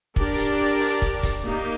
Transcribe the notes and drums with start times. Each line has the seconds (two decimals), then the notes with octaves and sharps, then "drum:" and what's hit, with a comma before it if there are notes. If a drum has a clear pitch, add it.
0.16 D4 G4 A#4 D5, drum: kick
0.37 drum: hi-hat
0.80 drum: open hi-hat
1.02 drum: kick
1.23 drum: kick, hi-hat
1.45 A#3 D#4 G4